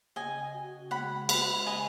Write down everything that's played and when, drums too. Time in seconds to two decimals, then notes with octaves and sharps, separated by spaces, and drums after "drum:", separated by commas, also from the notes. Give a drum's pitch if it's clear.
0.16 C#3 D#5 G#5
0.53 F#4
0.91 G#3 F#5 B5
1.29 C#4 F#5 B5, drum: cymbal
1.66 C#3 D#5 G#5